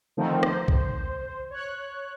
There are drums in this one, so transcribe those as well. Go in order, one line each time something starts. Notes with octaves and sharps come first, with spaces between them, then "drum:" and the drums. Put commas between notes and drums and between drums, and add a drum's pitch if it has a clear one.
D3 D#3 F3 A3 C4 D#4
C5, drum: rim click
drum: kick
C#5 F#6